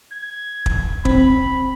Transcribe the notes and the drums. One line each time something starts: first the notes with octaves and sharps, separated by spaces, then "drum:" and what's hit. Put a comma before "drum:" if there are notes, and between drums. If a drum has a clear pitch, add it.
G#6
drum: kick
C4 B5, drum: kick